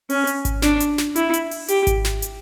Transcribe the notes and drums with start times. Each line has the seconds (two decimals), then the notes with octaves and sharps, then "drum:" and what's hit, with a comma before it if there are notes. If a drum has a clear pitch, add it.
0.10 C#4, drum: open hi-hat
0.27 drum: hi-hat
0.45 drum: kick G#1, hi-hat
0.62 D4, drum: snare
0.80 drum: hi-hat
0.98 drum: snare
1.16 E4, drum: hi-hat
1.34 drum: hi-hat
1.51 drum: open hi-hat
1.68 G4, drum: hi-hat
1.87 drum: kick G#1, hi-hat
2.05 drum: snare
2.22 drum: hi-hat